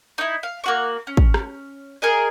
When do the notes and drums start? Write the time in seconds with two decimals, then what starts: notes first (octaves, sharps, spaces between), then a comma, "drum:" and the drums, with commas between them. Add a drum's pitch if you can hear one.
0.18 D#4 E4
0.43 F5
0.64 A#3 F#4 C#6
1.07 C#4
1.17 drum: kick
1.34 drum: rim click
2.02 G#4 A#4 D#5